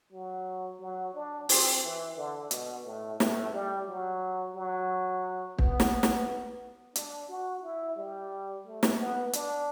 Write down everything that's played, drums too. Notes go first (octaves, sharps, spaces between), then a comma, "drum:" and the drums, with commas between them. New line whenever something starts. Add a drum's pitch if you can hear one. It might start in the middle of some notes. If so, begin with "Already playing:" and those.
F#3
F#3
D4
C4, drum: open hi-hat
E3
D3
B2, drum: hi-hat
A2
A2, drum: snare
G3
F#3
F#3
B3, drum: kick
drum: snare
drum: snare
D4, drum: hi-hat
F#4
E4
G3
A3
drum: snare
B3
D4, drum: hi-hat